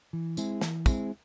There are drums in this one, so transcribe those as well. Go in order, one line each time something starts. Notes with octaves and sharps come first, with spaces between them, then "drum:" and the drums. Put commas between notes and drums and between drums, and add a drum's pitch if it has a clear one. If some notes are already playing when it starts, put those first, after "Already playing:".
E3
G#3 C4 E4 G#4, drum: tambourine
E3, drum: snare
G#3 C4 E4 G#4, drum: kick, tambourine